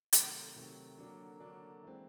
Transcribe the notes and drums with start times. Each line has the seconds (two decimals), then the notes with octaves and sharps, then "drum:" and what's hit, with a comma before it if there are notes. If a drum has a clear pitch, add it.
0.13 C3 D#3 F#3 A3, drum: hi-hat
0.56 C3 D#3 F#3 A3
0.98 D3 F#3 A#3 D4
1.40 D3 F#3 A#3 D4
1.83 E3 G#3 C4